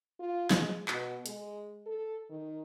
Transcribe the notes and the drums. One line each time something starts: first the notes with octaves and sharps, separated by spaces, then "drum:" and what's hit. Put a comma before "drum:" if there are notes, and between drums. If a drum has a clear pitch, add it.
F4
G#3, drum: snare
B2, drum: clap
G#3, drum: hi-hat
A4
D#3